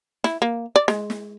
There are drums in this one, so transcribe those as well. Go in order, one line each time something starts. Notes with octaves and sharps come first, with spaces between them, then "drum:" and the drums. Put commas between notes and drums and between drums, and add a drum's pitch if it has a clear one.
E4, drum: snare
A#3
D5
G#3, drum: snare
drum: snare